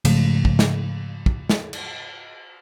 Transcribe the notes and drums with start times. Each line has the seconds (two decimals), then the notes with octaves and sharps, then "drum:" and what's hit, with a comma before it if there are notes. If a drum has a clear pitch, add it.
0.05 G#2 C#3 F3 A3, drum: cymbal
0.45 drum: kick
0.59 drum: snare
1.26 drum: kick
1.50 drum: snare
1.73 drum: cymbal